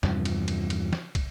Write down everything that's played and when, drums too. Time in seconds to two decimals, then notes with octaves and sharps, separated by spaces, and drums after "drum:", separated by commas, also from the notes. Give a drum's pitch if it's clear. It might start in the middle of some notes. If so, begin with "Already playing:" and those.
0.03 E2 G2 C3 F3, drum: snare
0.25 drum: cymbal
0.48 drum: cymbal
0.70 drum: cymbal
0.93 drum: snare
1.15 drum: kick, cymbal